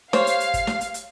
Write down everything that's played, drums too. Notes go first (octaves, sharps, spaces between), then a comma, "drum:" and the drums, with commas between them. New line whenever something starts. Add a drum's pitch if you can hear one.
G3 C5 C#5 F5, drum: snare
drum: hi-hat
drum: hi-hat
drum: kick G1, hi-hat
drum: snare
drum: hi-hat
drum: hi-hat